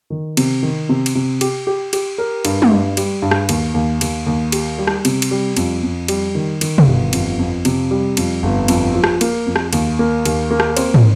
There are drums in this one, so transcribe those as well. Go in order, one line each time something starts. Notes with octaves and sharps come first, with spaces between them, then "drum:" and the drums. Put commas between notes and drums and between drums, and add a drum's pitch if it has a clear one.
D#3
C3, drum: cymbal
D#3
C3
drum: cymbal
C3
G4, drum: cymbal
G4
G4, drum: cymbal
A#4
G2, drum: cymbal
drum: tom
G2
G3, drum: cymbal
G2
drum: rim click
D#2, drum: cymbal
D#2
D#2, drum: cymbal
D#2
G4, drum: cymbal
G3
drum: rim click
C3, drum: cymbal
drum: cymbal
G3
F2, drum: cymbal
F2
G3, drum: cymbal
D#3
D#3, drum: cymbal
drum: tom
G1
F2, drum: cymbal
F2
C3, drum: cymbal
G3
F2, drum: cymbal
G1
F2, drum: cymbal
F3
drum: rim click
A#3, drum: cymbal
F2
drum: rim click
D#2, drum: cymbal
A#3
D#2, drum: cymbal
A#3
drum: rim click
C4, drum: cymbal
drum: tom